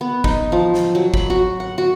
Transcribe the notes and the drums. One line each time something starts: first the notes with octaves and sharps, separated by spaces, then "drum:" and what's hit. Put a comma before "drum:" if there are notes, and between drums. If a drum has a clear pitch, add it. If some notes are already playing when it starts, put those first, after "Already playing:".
B3
D#4, drum: kick G#1
F3
drum: snare
F#3
B5, drum: kick G#1
F#4
F#5
F#4